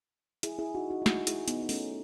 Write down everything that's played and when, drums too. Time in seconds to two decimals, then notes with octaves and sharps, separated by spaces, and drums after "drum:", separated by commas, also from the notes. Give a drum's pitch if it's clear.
0.43 E4 G#4, drum: hi-hat
0.59 E4 G#4
0.75 D#4 F#4
0.90 D#4 F#4
1.02 E4
1.06 D#4 F#4, drum: snare
1.27 E4 G#4, drum: hi-hat
1.48 B3 D#4, drum: hi-hat
1.63 D#4
1.69 A3 C#4, drum: open hi-hat